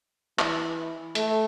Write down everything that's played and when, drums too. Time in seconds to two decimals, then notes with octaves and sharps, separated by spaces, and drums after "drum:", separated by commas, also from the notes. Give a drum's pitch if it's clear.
0.39 E3, drum: clap
1.15 A3, drum: hi-hat